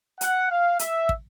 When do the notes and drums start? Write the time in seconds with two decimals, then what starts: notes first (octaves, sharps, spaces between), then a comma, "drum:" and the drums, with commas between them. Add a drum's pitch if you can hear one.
0.21 F#5, drum: hi-hat
0.50 F5
0.79 E5, drum: hi-hat
1.09 drum: kick